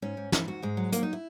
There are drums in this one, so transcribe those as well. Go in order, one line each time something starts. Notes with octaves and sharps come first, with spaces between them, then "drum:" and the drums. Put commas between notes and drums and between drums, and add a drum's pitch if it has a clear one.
G#2 C#4
G#2
G#2 E4, drum: snare
G#2 F#4
G#2 G#3
F#3
G#2 A#3, drum: hi-hat
D#4
E4